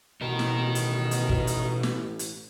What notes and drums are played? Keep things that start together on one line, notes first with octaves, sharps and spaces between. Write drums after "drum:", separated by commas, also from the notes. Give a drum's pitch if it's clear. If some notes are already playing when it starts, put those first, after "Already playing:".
A1 B2 D#4 A#4
drum: snare
drum: hi-hat
drum: hi-hat
drum: kick
drum: hi-hat
drum: snare
drum: hi-hat